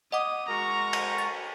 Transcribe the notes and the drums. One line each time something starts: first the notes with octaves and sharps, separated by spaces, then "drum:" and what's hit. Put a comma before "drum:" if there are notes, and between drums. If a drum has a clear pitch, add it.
D#5 F#5 D6 D#6
G#3 F#4 A#4 A#5 C#6
drum: cymbal
A6